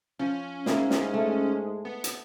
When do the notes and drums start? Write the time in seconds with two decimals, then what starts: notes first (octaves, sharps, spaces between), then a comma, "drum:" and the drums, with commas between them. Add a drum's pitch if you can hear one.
0.19 F3 C#4
0.66 G#2 G#3 A#3 E4 G#4, drum: snare
0.90 drum: snare
1.14 A3
1.85 B3
2.04 drum: hi-hat